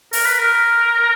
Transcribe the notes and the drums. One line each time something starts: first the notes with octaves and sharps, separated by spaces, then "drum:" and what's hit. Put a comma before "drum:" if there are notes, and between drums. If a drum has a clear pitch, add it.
A#4, drum: open hi-hat
B4
A#4